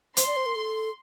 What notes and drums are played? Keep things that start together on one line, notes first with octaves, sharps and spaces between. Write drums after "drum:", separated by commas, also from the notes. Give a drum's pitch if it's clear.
C5 C6, drum: hi-hat
D5
C5
A#4
A4